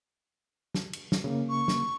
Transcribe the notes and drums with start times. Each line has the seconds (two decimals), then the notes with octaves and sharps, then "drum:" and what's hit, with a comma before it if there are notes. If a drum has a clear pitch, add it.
0.74 drum: snare
0.93 drum: cymbal
1.12 drum: snare
1.24 C#3 A#3
1.49 C#6
1.68 drum: snare